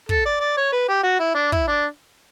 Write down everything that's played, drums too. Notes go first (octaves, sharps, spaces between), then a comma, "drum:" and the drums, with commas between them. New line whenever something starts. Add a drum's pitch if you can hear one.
A4, drum: kick
D5
D5
C#5
B4
G4
F#4
E4
D4
E4, drum: kick
D4